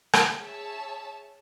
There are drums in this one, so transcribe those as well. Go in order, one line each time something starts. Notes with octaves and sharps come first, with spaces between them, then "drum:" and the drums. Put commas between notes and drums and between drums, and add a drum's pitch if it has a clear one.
drum: rim click
G#4 C#5 E5 A5